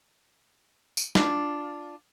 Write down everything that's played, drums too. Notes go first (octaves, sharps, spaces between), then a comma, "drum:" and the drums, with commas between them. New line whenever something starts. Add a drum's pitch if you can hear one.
drum: tambourine
D4 F4, drum: snare